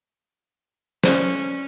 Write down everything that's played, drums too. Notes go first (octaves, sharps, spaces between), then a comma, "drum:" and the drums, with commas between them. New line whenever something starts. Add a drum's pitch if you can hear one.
C#4 C5 D5, drum: snare